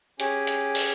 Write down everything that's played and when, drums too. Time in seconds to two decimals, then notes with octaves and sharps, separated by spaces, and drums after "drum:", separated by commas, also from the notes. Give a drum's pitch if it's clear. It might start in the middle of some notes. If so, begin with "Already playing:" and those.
0.20 C#4 G4 G#4, drum: hi-hat
0.47 drum: hi-hat
0.75 drum: open hi-hat